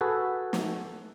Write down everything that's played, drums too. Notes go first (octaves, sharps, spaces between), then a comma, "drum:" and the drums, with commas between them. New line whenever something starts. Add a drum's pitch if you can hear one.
F#4 G#4 A4 B4
drum: snare